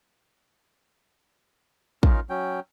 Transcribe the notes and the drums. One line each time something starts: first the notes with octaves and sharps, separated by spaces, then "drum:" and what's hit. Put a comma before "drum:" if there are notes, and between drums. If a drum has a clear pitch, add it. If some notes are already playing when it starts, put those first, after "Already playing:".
C#4 D#4 F4 A#4, drum: kick
F#3 C#4 G5